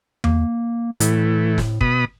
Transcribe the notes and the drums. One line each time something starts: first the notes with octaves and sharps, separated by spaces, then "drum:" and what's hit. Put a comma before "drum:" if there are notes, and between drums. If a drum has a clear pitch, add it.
A#3, drum: tom E2
A2 E3 A3, drum: hi-hat
drum: snare
B2 B5 D#6, drum: kick